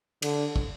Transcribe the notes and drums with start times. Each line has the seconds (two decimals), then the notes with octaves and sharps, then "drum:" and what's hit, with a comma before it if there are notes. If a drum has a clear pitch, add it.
0.22 D3, drum: cymbal
0.56 drum: kick